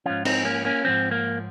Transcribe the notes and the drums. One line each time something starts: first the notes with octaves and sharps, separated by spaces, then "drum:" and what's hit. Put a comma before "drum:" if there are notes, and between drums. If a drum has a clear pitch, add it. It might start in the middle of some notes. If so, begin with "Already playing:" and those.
G#2 F3 C#4 F4
C4 D#4, drum: cymbal
A#3 C#4
A#3 C#4
G#2 F3 C4
A#3